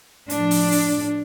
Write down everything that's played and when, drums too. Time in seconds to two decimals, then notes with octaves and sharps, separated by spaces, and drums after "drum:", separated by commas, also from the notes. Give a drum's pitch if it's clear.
0.30 A2 F3 D4, drum: hi-hat
0.51 drum: open hi-hat
0.72 drum: open hi-hat